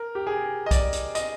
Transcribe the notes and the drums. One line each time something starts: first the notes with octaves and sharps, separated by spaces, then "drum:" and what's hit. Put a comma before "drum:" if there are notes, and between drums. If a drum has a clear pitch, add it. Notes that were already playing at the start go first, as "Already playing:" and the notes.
Already playing: A#4
G4
G#4
D#5
D5, drum: kick B1, hi-hat
drum: hi-hat
D#5, drum: hi-hat